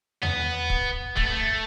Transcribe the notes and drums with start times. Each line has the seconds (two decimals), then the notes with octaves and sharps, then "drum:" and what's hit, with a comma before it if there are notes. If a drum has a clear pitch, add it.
0.23 B3, drum: tom D#2
0.70 drum: kick
1.17 A3, drum: kick
1.24 B3
1.32 A3